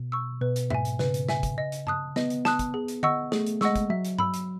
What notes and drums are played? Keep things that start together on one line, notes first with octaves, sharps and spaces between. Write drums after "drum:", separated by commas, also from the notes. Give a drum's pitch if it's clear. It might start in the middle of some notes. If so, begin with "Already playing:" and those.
Already playing: B2
C#6 E6
B2 B4
drum: hi-hat
G#2 E5 G#5, drum: tom E2
drum: hi-hat
C#3 B4, drum: snare
drum: hi-hat
E5 G#5, drum: snare
drum: kick, hi-hat
D#5
drum: hi-hat
A5 D#6 F#6, drum: tom G2
B3 D#5, drum: snare
drum: hi-hat
A5 D#6 F#6, drum: snare
drum: kick, hi-hat
G#4
drum: hi-hat
D#5 F#5 C#6 E6, drum: tom D3
A3 G#4, drum: snare
drum: hi-hat
G#3 D#5 F#5 C#6 E6, drum: snare
drum: kick, hi-hat
F#3 E5
drum: hi-hat
B5 E6, drum: tom G2
drum: hi-hat